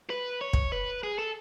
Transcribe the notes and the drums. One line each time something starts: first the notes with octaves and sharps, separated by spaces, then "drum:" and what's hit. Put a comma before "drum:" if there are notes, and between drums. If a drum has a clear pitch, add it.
B4
C#5
drum: kick
B4
G#4
A4